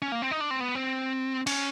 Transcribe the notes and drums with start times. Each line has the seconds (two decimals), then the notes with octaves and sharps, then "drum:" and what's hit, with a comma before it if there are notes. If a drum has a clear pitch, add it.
0.02 C#4
0.12 A#3
0.22 C4
0.31 D#4
0.41 D4
0.51 C4
0.60 B3
0.75 C4
1.47 C#4, drum: cymbal